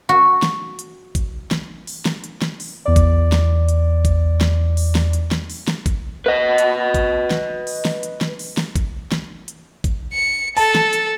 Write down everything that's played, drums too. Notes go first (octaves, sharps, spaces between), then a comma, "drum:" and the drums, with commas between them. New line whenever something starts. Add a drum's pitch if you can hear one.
F#4
drum: snare
drum: hi-hat
drum: kick G#1, hi-hat
drum: snare
drum: open hi-hat
drum: snare
drum: hi-hat
drum: snare
drum: open hi-hat
E2 D5
drum: kick G#1, hi-hat
drum: snare
drum: hi-hat
drum: kick G#1, hi-hat
drum: snare
drum: open hi-hat
drum: snare
drum: hi-hat
drum: snare
drum: open hi-hat
drum: snare
drum: kick G#1, hi-hat
B4 D#5
drum: hi-hat
drum: kick G#1, hi-hat
drum: snare
drum: open hi-hat
drum: snare
drum: hi-hat
drum: snare
drum: open hi-hat
drum: snare
drum: kick G#1, hi-hat
drum: snare
drum: hi-hat
drum: kick G#1, hi-hat
C#7
A4 A5, drum: open hi-hat
drum: snare
drum: hi-hat